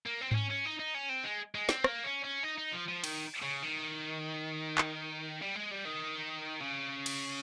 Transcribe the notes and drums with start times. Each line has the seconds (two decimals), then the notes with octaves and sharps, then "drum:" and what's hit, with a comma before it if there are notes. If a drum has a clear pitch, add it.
0.06 A#3
0.21 C4
0.31 C4, drum: tom G#2
0.35 C#4
0.50 C#4
0.66 D#4
0.79 D#4
0.95 C#4
1.09 C4
1.24 G#3
1.55 G#3
1.69 C4, drum: snare
1.84 A#3, drum: rim click
2.04 C#4
2.24 C#4
2.43 D#4
2.58 D#4
2.73 F3
2.88 F3
3.04 D#3, drum: cymbal
3.43 C#3
3.63 D#3
4.78 drum: clap
5.42 G3
5.56 G#3
5.71 G3
5.85 D#3
6.60 C#3
7.06 drum: cymbal